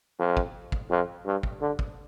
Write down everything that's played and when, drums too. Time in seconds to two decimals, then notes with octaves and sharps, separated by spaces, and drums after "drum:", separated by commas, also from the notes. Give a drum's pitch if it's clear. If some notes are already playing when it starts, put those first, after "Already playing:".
0.19 F2
0.37 drum: kick
0.72 drum: kick
0.90 F2
1.25 G2
1.43 drum: kick
1.61 D3
1.79 drum: kick